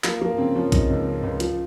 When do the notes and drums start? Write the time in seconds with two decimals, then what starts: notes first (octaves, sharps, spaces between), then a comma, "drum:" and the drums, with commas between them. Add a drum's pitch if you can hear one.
0.04 F3 A#3, drum: clap
0.21 F3 A#3
0.38 C#3 C4
0.55 F3 C#4
0.72 C#3 D#4, drum: kick, hi-hat
0.90 C#2
1.06 C#3
1.23 C#2
1.40 F3 F4, drum: hi-hat